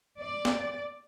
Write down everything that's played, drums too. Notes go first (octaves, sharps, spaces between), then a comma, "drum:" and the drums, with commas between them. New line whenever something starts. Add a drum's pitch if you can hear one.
D5
drum: snare